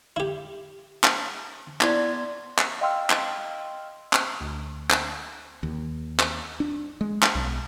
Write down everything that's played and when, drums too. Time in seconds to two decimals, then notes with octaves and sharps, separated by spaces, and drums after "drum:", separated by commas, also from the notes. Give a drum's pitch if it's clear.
0.16 E4 G4
1.04 drum: clap
1.81 B3 E4 D5 C6 G#6, drum: clap
2.58 drum: clap
2.81 D#5 F5 G5 C6 E6 F6
3.10 drum: clap
4.13 drum: clap
4.41 D2
4.90 drum: clap
5.63 D#2
6.19 drum: clap
6.60 D4
7.01 G#3
7.22 drum: clap
7.35 B1